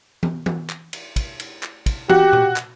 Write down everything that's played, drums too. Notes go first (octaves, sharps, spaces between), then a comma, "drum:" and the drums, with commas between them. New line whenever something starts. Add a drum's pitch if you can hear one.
drum: tom E3
drum: tom E3
drum: clap
drum: cymbal
drum: kick, cymbal
drum: cymbal
drum: clap
drum: kick, cymbal
F#4 G4, drum: tom E3
drum: tom A#2
drum: clap